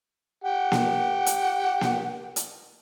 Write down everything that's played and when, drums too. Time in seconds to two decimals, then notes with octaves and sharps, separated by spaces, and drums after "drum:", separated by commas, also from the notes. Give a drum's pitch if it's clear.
0.44 G4 F#5
0.72 drum: snare A#3
1.26 drum: hi-hat
1.81 drum: snare A#3
2.36 drum: hi-hat